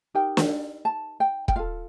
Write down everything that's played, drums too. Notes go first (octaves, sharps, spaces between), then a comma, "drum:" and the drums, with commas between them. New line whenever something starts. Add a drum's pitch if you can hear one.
D#4 G4 A#4 G5
drum: snare
A5
G5
G5, drum: kick
F4 A4 F5